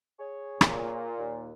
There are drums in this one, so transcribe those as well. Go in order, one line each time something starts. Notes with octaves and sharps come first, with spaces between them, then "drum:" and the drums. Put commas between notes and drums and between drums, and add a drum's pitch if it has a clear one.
G#4 C#5
A#2, drum: rim click
D#2